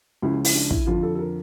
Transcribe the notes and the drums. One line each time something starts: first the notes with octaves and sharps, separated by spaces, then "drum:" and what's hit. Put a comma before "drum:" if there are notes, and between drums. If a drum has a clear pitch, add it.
C#2 C#3 F3 E4
F4
E4, drum: open hi-hat
D4
E4, drum: kick
F2 D3 F3 F4
A4
A4
A#4